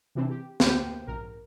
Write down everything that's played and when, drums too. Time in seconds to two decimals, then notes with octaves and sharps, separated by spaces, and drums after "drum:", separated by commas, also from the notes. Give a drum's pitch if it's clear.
0.15 C3 E3 C4 D4
0.30 G4
0.60 D2 A#3 B3 G4 C5 G5, drum: snare
1.07 A#1 G#2 A#4